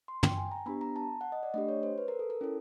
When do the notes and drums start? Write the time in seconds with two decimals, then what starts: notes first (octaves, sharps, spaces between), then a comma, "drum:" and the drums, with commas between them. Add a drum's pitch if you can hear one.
0.08 C6
0.23 G5, drum: tom
0.37 G#5
0.51 A#5
0.66 B3 D4 G4 B5
0.81 A#5
0.96 A5
1.21 F#5
1.32 D#5
1.43 D5
1.54 A3 D4 G4 D#5
1.69 C#5
1.83 C5
1.98 B4
2.08 A#4
2.19 A4
2.30 A#4
2.41 C#4 E4 A4